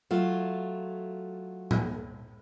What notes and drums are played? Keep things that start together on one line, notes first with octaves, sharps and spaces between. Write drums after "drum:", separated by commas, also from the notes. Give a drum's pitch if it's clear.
F#3 A3 F4
drum: tom A2